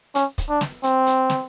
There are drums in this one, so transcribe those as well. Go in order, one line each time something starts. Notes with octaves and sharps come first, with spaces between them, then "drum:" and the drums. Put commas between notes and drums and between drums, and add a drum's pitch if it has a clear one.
C#4, drum: hi-hat
drum: kick, hi-hat
D4
drum: snare
C4, drum: hi-hat
drum: hi-hat
drum: snare